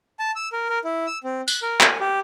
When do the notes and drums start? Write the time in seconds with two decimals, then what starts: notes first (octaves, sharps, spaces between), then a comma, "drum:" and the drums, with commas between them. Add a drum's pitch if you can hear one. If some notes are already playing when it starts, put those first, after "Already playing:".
0.20 A5
0.36 E6
0.53 A#4
0.69 A#4
0.84 E4
1.07 E6
1.24 C4
1.48 F#6, drum: tambourine
1.62 A#4
1.80 G#5, drum: clap
2.00 G4